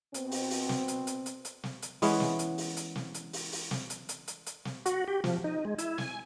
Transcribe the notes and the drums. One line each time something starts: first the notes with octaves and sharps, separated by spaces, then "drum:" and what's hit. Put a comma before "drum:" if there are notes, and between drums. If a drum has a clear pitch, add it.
B2 C4, drum: hi-hat
drum: open hi-hat
drum: open hi-hat
drum: snare
drum: hi-hat
drum: hi-hat
drum: hi-hat
drum: hi-hat
drum: snare
drum: hi-hat
E3 G#3 B3 C#4, drum: open hi-hat
drum: snare
drum: hi-hat
drum: open hi-hat
drum: hi-hat
drum: snare
drum: hi-hat
drum: open hi-hat
drum: open hi-hat
drum: snare
drum: hi-hat
drum: hi-hat
drum: hi-hat
drum: hi-hat
drum: snare
F#4, drum: hi-hat
G4
F3, drum: snare
D#4
G#3
E4, drum: hi-hat
G#5, drum: snare